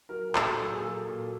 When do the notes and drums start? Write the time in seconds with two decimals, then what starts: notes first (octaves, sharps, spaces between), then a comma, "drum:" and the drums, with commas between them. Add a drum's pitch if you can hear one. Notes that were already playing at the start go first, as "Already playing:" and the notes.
0.09 F#3 A#4
0.29 A#2
0.36 A4, drum: clap
0.49 F#3
0.62 A4
0.68 A#2 G#4
0.81 A4
0.88 F#3
1.08 A#2